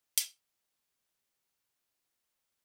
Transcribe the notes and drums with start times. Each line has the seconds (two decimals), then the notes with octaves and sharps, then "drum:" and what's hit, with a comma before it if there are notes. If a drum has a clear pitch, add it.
0.18 F#4, drum: hi-hat
0.51 G4